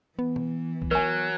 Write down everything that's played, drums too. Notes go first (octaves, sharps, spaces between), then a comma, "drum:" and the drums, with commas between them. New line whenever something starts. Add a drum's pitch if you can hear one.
E3 B3
drum: tom B2
drum: kick A#1
F#3 A#4 G#5